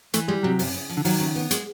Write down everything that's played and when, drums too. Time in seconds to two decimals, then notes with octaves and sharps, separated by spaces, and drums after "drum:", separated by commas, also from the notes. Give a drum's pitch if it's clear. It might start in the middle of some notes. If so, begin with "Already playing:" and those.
0.14 E3 A3, drum: hi-hat
0.28 G3 G#3
0.43 C3 F#3
0.59 F#2, drum: open hi-hat
0.74 C#3
0.89 F3
0.97 D3
1.05 D#3 F#3, drum: open hi-hat
1.20 C#3
1.36 B3
1.51 G#3, drum: hi-hat